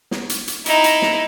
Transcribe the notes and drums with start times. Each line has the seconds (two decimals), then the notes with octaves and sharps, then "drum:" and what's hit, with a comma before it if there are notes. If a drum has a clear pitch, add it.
0.11 drum: snare
0.29 drum: hi-hat
0.48 drum: hi-hat
0.66 D#4 E4, drum: hi-hat
0.84 drum: hi-hat
1.02 drum: snare